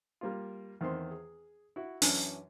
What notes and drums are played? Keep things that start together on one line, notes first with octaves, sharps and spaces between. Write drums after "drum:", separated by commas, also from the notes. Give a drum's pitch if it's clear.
G3 A#3 F4
E2 D#3 C4 C5 C6
G#4
E4 F#4
F#2 E3 C#4 D4 G#5, drum: open hi-hat